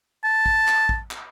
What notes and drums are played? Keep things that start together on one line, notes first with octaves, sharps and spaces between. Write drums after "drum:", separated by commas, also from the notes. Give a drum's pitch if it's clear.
A5
drum: kick
drum: clap
drum: kick
drum: clap